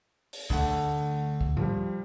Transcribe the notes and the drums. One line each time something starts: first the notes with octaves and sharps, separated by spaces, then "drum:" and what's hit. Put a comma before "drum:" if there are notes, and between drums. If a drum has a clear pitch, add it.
drum: open hi-hat
D2 D3 A3 F#5, drum: kick
drum: kick
F3 G3, drum: tom G#2